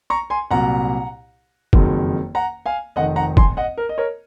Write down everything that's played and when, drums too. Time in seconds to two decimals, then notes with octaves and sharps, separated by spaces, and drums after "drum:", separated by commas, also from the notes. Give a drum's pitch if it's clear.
0.10 A#5 C#6
0.30 G#5 C6
0.51 C2 A#2 F#3 F#5 A#5
1.73 F#1 F2 D#3 F#3, drum: kick
2.35 F#5 A#5
2.66 F5 G#5
2.96 F1 F2 D#3 D#5 F#5
3.16 F#5 A#5
3.37 G#5 C6, drum: kick
3.57 D#5 F#5
3.78 A#4
3.89 D#5
3.98 A#4 C#5